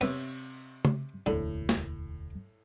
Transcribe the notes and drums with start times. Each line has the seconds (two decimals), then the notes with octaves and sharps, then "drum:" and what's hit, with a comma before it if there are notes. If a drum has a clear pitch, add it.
0.01 C3 B3 C#5 E5, drum: cymbal
0.85 drum: tom C#3
1.26 E1 D2 A2 D3
1.69 drum: snare